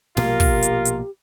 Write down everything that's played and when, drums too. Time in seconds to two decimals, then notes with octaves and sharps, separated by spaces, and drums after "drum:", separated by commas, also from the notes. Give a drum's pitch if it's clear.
0.17 A#1 B2 A#3 F4 G4 A#4, drum: snare
0.40 drum: kick, open hi-hat
0.62 drum: hi-hat
0.85 drum: hi-hat